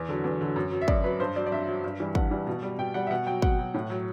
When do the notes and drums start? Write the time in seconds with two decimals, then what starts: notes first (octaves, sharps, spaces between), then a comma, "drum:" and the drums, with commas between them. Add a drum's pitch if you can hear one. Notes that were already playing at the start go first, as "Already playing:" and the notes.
Already playing: E2
0.09 D3 F#3
0.24 E2
0.41 D3 F#3
0.56 F#2
0.72 F#3
0.81 E5
0.88 F#2 D5, drum: kick
1.04 F#3 B4
1.19 G2 C5
1.36 F#3 D5
1.46 D5
1.52 G2 E5
1.67 F#3
1.84 G2
2.00 E3 G3
2.15 G2 F#5, drum: kick
2.31 E3 G3
2.47 B2
2.63 G3
2.78 B2 G5
2.94 G3 F#5
3.07 E5
3.10 B2 F#5
3.27 F#3 G5
3.42 B2 F#5, drum: kick
3.59 F#3
3.74 A2
3.90 F#3